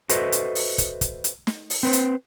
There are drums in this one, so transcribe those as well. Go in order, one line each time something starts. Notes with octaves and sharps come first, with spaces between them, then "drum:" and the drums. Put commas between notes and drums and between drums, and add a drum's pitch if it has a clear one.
F#4 A4 B4 C5 D#5 E5, drum: hi-hat
drum: hi-hat
drum: open hi-hat
drum: kick, hi-hat
drum: kick, hi-hat
drum: hi-hat
drum: snare
drum: open hi-hat
C4 B4 C5
drum: hi-hat